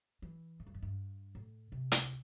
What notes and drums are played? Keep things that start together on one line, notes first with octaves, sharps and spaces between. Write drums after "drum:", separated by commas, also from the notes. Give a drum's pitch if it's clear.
E3
A2
G2
E2
G2
A2
C3
drum: hi-hat